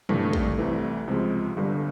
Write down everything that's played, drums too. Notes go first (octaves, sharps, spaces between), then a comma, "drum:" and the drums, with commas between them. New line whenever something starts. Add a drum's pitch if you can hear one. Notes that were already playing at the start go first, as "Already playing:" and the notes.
G#1 G2 E3 A3, drum: tom
drum: kick
C2 C3 E3 A3
C#2 C3 F3 G#3
G1 G2 D3 G3